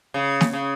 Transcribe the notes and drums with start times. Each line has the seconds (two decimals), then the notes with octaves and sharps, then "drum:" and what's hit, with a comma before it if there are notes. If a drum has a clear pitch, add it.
0.14 C#3
0.41 drum: snare
0.53 C#3